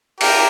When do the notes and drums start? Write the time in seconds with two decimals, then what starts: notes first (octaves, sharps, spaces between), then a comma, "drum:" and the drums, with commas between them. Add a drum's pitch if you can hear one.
0.21 G4 A#4, drum: cymbal